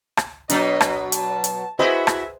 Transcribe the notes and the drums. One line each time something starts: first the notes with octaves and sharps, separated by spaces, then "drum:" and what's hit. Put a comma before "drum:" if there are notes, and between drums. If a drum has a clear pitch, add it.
drum: rim click
B2 F#3 D4 D#5 A#5, drum: hi-hat
drum: rim click
A5, drum: hi-hat
drum: hi-hat
E4 F#4 G#4 B4 C5 D#5 E5 B5
drum: rim click